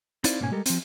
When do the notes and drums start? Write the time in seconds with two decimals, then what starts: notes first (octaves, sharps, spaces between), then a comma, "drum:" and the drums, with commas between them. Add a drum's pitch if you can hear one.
0.24 C4 D#4 E4 C5 D5 F5, drum: hi-hat
0.40 G#2 B2 A#3 C#4 G4 G#5
0.51 G3 G#3 G4 A4 A#4
0.66 F3 C4, drum: hi-hat